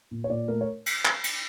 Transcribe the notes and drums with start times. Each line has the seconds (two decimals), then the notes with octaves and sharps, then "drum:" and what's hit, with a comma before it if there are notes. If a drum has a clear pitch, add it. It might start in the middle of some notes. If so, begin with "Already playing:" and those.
0.11 A#2
0.24 C#5
0.29 A#2 D5
0.48 A3 A#4
0.61 C#5
0.86 drum: cymbal
1.05 drum: clap
1.24 drum: cymbal